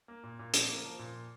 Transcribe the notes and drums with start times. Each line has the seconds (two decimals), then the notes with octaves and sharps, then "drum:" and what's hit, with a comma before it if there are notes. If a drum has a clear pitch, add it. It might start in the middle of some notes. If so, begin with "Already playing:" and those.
0.08 A#3
0.23 A#2
0.39 A#2
0.54 F3, drum: hi-hat
0.69 A#3
0.85 F3
0.99 A#2